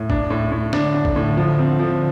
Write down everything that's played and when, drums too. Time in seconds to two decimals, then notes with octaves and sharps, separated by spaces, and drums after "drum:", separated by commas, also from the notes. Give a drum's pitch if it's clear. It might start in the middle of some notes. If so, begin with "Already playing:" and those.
Already playing: A2
0.10 D4, drum: kick
0.30 A2
0.52 A2
0.73 D3 D4, drum: snare
0.94 D4
1.05 drum: kick
1.16 A2
1.37 F3
1.59 C4
1.79 F3